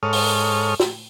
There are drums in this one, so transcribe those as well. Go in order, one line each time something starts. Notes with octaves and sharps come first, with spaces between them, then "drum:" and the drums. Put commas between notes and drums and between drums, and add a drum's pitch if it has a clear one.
G#2 A4 C#5 D#6 F6
drum: open hi-hat
drum: snare